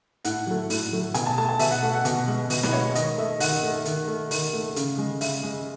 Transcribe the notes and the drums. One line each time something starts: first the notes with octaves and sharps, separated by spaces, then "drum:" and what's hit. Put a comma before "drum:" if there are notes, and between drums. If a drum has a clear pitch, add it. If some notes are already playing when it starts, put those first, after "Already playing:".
A2 F#5, drum: hi-hat
F#3 A3
A2, drum: open hi-hat
F#3 A3
B2 G#5, drum: hi-hat
A5
A3 A5
G#5
B2 E5, drum: open hi-hat
F#5
A3 F#5
F#5
B2 F#5, drum: hi-hat
G#3
B2 D#5, drum: open hi-hat
B4, drum: snare
G#3 C#5
D#3 D#5, drum: hi-hat
A3 E5
D#3 F#5, drum: open hi-hat
A3
D#3, drum: hi-hat
A3
D#3, drum: open hi-hat
A3
C#3, drum: hi-hat
G#3
C#3 E5, drum: open hi-hat
G#3